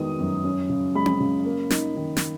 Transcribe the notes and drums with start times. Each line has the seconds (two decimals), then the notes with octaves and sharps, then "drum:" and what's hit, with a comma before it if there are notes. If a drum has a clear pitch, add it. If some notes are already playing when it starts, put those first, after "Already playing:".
Already playing: D#3 G#3 B3 D#6
0.20 F#2
0.44 C#4
0.69 C#3
0.95 G#3 B5
1.06 drum: tom C4
1.20 C#3
1.45 A#3
1.70 D#4, drum: snare
1.96 D#3
2.17 drum: snare